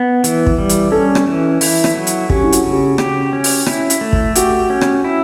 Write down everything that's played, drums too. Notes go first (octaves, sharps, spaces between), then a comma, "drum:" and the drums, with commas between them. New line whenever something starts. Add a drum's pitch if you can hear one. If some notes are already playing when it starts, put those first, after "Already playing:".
Already playing: B3
E3, drum: hi-hat
drum: kick
G3
drum: hi-hat
C#4 A4
drum: rim click
E3
E4, drum: open hi-hat
drum: rim click
F#3
drum: hi-hat
C#4 G4, drum: kick
E4
F#4, drum: hi-hat
C#3
G4
F#4
G4, drum: rim click
C#4
drum: open hi-hat
E4, drum: rim click
drum: hi-hat
A3
drum: kick
F#4 G4, drum: hi-hat
C#4
drum: rim click
E4